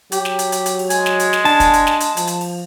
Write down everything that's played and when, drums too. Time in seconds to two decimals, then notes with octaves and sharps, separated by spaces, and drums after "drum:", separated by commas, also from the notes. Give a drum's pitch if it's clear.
0.12 F#3 G4, drum: hi-hat
0.25 drum: snare
0.39 drum: hi-hat
0.52 drum: hi-hat
0.66 drum: hi-hat
0.79 drum: open hi-hat
0.90 G#3 G#5, drum: hi-hat
1.06 drum: snare
1.20 drum: hi-hat
1.33 drum: snare
1.45 D4 A5, drum: open hi-hat
1.60 drum: kick, hi-hat
1.73 drum: hi-hat
1.87 drum: snare
2.00 drum: hi-hat
2.17 F3, drum: hi-hat
2.27 drum: hi-hat
2.41 drum: open hi-hat